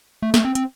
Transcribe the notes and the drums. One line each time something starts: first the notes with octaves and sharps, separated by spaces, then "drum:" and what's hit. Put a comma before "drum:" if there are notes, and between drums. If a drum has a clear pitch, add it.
A3
A3, drum: snare
C4
C4, drum: hi-hat